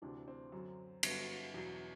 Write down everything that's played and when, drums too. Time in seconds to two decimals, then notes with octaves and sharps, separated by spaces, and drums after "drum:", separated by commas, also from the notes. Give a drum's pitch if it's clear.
0.02 D2 C3 E3 D4
0.28 C4
0.52 F#2 D3 F#3
1.03 G2 D3 F#3 B3, drum: cymbal
1.54 E2 B2 F#3